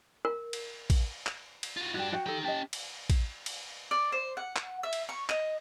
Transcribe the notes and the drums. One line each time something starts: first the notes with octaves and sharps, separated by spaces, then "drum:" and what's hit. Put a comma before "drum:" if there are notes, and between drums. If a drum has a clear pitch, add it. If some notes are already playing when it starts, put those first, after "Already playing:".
A#4
drum: cymbal
drum: kick, cymbal
drum: clap
drum: cymbal
F4 F#4
G2 D4 F#4 G4
F#4 F#5 G5
D#4 G4 A4 G5
C#4 G4 D#5 A5
drum: cymbal
drum: kick, cymbal
drum: cymbal
D5
C5
F#5
drum: clap
E5
drum: cymbal
C#6
D#5, drum: clap